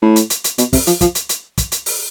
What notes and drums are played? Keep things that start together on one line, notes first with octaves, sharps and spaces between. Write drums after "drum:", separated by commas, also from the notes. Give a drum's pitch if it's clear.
A2
drum: hi-hat
drum: hi-hat
drum: hi-hat
B2, drum: hi-hat
C3, drum: kick, open hi-hat
F3, drum: hi-hat
F3, drum: kick, hi-hat
drum: hi-hat
drum: hi-hat
drum: kick, hi-hat
drum: hi-hat
drum: open hi-hat